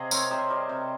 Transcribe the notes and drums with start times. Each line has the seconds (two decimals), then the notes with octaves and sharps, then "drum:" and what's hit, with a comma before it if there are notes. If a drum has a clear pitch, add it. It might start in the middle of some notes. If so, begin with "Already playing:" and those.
Already playing: C3 G#4 D#5 F5
0.11 C4 A#4 C#5, drum: tambourine
0.31 C3 C5 D#5
0.50 G3
0.69 C3